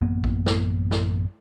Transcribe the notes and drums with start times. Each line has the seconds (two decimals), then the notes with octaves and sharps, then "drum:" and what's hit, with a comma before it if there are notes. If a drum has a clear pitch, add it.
0.01 A1 F#2 A#3 B3
0.24 drum: kick A1
0.46 drum: snare
0.91 drum: snare